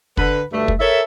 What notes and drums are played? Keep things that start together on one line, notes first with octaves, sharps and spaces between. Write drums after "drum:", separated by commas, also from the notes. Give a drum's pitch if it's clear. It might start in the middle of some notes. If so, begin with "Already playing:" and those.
D3 B4, drum: kick
D2 G2 A3
drum: kick
A4 A#4 C#5 E5